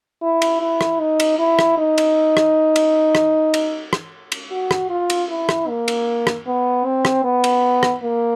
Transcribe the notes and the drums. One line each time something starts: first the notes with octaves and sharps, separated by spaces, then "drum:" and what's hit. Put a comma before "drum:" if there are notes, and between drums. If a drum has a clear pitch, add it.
E4
drum: cymbal
E4
drum: rim click
D#4
drum: cymbal
E4
drum: rim click
D#4
drum: cymbal
drum: rim click
drum: cymbal
drum: rim click
drum: cymbal
drum: rim click
drum: cymbal
F#4
drum: rim click
F4
drum: cymbal
E4
drum: rim click
A#3
drum: cymbal
drum: rim click
B3
C4
drum: rim click
B3
drum: cymbal
drum: rim click
A#3